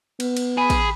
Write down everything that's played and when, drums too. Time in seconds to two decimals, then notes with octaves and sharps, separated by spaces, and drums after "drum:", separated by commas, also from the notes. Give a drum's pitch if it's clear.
0.20 B3, drum: cymbal
0.37 drum: cymbal
0.58 G#4 B5
0.70 drum: kick, cymbal